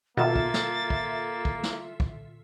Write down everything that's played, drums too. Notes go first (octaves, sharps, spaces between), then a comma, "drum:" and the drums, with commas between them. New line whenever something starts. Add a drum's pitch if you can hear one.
B2 D#3 A#3 F4 A4 E5 A6
drum: kick
drum: snare
drum: kick
drum: kick
drum: snare
drum: kick